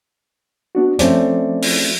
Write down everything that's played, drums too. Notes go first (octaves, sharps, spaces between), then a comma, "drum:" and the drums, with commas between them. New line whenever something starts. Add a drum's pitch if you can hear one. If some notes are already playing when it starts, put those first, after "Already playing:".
B3 D4 F#4
F3 A3 C4 C#4 D5, drum: hi-hat
drum: open hi-hat